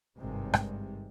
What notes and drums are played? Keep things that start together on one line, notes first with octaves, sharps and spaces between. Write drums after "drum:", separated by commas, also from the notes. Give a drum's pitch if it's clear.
G#1 G2 C3 G3 G#3
drum: rim click